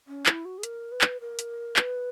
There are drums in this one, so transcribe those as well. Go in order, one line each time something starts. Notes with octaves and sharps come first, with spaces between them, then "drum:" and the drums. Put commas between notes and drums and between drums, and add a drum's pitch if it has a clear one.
C#4
E4, drum: clap
F#4
G#4
A#4, drum: hi-hat
B4
drum: clap
A#4
drum: hi-hat
B4, drum: clap